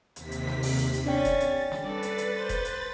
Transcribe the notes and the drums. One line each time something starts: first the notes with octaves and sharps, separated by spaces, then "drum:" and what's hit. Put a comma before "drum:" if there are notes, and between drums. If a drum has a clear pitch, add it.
D#2 C3 B6, drum: hi-hat
drum: hi-hat
drum: snare
drum: open hi-hat
drum: hi-hat
drum: hi-hat
C#4 D4 D5 G5 A6
drum: kick F1, hi-hat
drum: hi-hat
drum: snare
G3 A4 B4 D5 A6
drum: hi-hat
drum: hi-hat
C5
drum: kick F1, hi-hat
drum: hi-hat